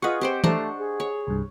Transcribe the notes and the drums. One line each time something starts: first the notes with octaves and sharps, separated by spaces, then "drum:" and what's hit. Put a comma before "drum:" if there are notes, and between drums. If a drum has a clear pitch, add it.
F4 G#4 B4 D#5 F#5 C#6
C4 G4 C5 G5
A3 D4 C5 A#5, drum: tom E3
G#4
C#5
C2 G2